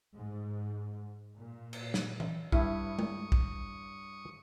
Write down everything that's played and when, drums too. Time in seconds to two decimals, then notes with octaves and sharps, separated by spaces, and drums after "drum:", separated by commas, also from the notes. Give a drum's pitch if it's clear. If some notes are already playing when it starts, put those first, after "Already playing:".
0.17 G#2
1.37 A#2
1.73 drum: cymbal
1.94 drum: snare
2.20 drum: tom E3
2.52 G2 E4 C#6 D#6, drum: kick
2.99 drum: tom G#3
3.32 drum: kick